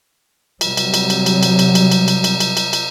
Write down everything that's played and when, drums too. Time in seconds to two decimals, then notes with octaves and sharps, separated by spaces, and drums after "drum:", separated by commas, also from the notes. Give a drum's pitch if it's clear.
0.61 C3 F#3 G3, drum: cymbal
0.77 drum: cymbal
0.94 drum: cymbal
1.10 drum: cymbal
1.26 drum: cymbal
1.43 drum: cymbal
1.59 drum: cymbal
1.75 drum: cymbal
1.92 drum: cymbal
2.08 drum: cymbal
2.24 drum: cymbal
2.40 drum: cymbal
2.57 drum: cymbal
2.73 drum: cymbal